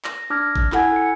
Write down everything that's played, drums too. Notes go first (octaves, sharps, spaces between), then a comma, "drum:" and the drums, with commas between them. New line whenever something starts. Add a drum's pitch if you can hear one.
A#6, drum: clap
D4 D6 F6 G#6 A#6
drum: kick G1
E4 A4 F#5 G#5 G#6, drum: clap
C#7